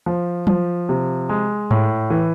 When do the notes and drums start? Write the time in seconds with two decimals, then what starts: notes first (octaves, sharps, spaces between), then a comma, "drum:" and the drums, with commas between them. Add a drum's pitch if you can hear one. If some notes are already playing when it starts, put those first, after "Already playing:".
0.06 F3
0.47 F3, drum: tom F#3
0.89 C3
1.29 G#3
1.71 A2, drum: tom G#2
2.10 E3